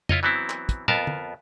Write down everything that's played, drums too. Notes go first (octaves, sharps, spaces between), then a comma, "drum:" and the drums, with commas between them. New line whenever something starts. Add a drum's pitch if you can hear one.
E4 F4 C#5 D#5, drum: tom F2
E3 F#3 B3 C4 E4
drum: clap
drum: kick, hi-hat
F2 B3 F4 A#4 A5, drum: tom
drum: tom